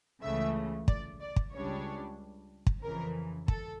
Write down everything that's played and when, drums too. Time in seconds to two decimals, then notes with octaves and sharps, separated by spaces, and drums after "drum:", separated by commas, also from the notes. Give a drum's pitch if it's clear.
0.22 C#2 C#3 E3 A3 E5
0.88 D5, drum: kick
1.20 D5
1.36 drum: kick
1.52 C#2 C#3 G3 D4 C#5
2.67 drum: kick
2.83 F2 C#3 E3 A#4
3.48 A4, drum: kick